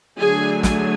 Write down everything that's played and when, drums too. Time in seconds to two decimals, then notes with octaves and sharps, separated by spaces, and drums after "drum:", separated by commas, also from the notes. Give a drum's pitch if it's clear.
0.19 D3 F#3 A3 D4 G#4 G#5
0.63 G#4 G#5, drum: snare